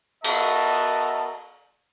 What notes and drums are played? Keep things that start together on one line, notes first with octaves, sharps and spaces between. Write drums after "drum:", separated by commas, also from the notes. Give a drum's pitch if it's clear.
B3 F#4 A#4 D#5 E5 A5, drum: cymbal